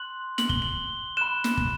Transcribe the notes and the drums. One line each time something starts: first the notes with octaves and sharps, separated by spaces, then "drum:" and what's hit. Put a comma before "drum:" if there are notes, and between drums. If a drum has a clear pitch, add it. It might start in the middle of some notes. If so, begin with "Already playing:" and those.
Already playing: C6 F#6 F#7
F#7, drum: snare
G7, drum: kick
F#7
B5 F#6 E7
drum: snare
drum: kick